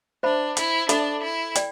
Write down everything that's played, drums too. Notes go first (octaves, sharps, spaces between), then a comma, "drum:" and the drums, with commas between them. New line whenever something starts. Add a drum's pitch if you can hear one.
D4 C5 E5 B5
E4, drum: hi-hat
D4 A4 E5 B5, drum: hi-hat
E4
D5 G5, drum: hi-hat